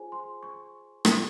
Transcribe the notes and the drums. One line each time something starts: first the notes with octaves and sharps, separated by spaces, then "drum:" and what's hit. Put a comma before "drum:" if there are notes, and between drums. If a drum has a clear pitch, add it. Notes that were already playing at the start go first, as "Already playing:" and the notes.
Already playing: F4 G#4 C5 G#5
C6
C#6
drum: rim click